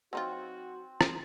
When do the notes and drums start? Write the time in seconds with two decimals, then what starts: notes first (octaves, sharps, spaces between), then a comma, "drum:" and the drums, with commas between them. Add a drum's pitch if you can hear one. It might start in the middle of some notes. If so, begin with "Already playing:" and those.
0.13 F#3 C4 D#4 F4 F#4
1.01 drum: rim click